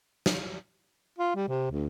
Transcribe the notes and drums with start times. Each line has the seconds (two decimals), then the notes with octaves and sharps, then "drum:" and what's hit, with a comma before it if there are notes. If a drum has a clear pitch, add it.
0.26 drum: snare
1.18 F4
1.36 G3
1.48 C3
1.71 D2